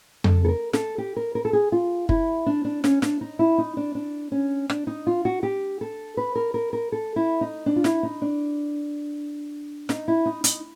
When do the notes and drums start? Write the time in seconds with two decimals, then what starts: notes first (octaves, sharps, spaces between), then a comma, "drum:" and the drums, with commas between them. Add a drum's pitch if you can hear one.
0.24 A4, drum: tom F2
0.45 A4
0.49 A#4
0.73 A4, drum: snare
0.98 G4
1.16 A#4
1.35 A#4
1.45 A4
1.53 G#4
1.72 F4
2.09 E4, drum: kick
2.46 D4
2.65 D4
2.84 C#4, drum: snare
3.02 D4, drum: snare
3.21 D#4
3.39 E4
3.58 D#4
3.77 D4
3.95 D4
4.32 C#4
4.70 D4, drum: rim click
4.87 D#4
5.07 F4
5.25 F#4
5.43 G4
5.81 A4
6.17 B4
6.35 A#4
6.54 A#4
6.73 A#4
6.92 A4
7.16 E4
7.41 D#4
7.66 D4
7.76 F4
7.84 E4, drum: snare
8.03 D#4
8.22 D4
9.89 D#4, drum: snare
10.08 E4
10.26 D#4
10.44 D#4, drum: hi-hat